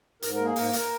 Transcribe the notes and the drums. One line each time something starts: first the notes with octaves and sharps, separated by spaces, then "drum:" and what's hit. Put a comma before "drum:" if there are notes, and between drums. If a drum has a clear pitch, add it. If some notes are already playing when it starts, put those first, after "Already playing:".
G#2 A#4, drum: hi-hat
A#4
A#3
G#4
G#2 A#4, drum: open hi-hat
drum: hi-hat